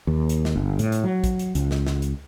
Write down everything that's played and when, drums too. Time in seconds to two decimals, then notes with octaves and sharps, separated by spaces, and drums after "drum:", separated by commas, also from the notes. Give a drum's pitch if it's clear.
0.07 D#2
0.29 drum: hi-hat
0.45 drum: snare
0.55 G1
0.79 A2, drum: hi-hat
0.92 drum: hi-hat
1.04 F#3
1.24 drum: kick, hi-hat
1.39 drum: hi-hat
1.55 C#2, drum: hi-hat
1.71 drum: snare
1.87 drum: snare
2.02 drum: hi-hat